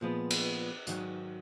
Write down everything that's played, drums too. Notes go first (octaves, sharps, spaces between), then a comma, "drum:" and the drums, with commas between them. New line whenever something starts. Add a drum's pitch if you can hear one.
A#2 F3 G#3 B3
drum: cymbal
G#2 D#3 F#3, drum: hi-hat